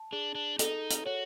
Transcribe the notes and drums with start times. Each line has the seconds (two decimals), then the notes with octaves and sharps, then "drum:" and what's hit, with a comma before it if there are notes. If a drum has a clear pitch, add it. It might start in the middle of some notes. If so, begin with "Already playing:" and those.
Already playing: A5
0.12 D4 G#4
0.35 D4
0.59 D#4 A4, drum: hi-hat
0.90 drum: hi-hat
1.06 F#4 C#5